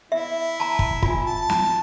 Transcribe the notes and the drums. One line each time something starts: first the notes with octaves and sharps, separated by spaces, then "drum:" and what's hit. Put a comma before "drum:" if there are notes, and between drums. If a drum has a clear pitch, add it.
E4 E5
A5 A#5
drum: kick
F4 G#5, drum: kick
A5
drum: snare